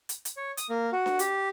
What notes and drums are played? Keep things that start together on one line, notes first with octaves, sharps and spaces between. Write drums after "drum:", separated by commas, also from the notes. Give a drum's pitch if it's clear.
drum: hi-hat
drum: hi-hat
C#5
D#6, drum: hi-hat
A#3
F#4
drum: snare D4
G4, drum: hi-hat